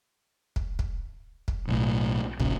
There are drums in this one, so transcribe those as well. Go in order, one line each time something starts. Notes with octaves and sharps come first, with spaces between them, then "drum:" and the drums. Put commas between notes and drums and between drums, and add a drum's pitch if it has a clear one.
drum: kick
drum: kick
drum: kick
B1 A2
A#1 C#3, drum: kick